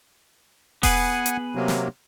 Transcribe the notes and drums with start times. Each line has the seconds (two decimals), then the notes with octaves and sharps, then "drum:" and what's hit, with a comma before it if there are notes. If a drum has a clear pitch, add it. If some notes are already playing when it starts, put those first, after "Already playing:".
0.83 B3 G#4 B4 F#5 G#5, drum: kick E1, open hi-hat
1.26 drum: hi-hat
1.55 C3 F#3 A#3
1.68 drum: snare